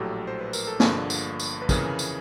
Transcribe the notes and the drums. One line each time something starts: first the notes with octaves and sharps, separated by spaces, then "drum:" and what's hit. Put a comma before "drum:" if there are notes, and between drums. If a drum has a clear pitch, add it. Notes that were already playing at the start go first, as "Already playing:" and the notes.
Already playing: A#1 A2 F#3 G4 A4
C5
B4
A#4, drum: tambourine
A4
G1 G2 D3 F3 A#3 G#4, drum: snare
drum: tambourine
drum: tambourine
B4
F2 C#3 E3 G#4 A#4, drum: kick, tambourine
drum: tambourine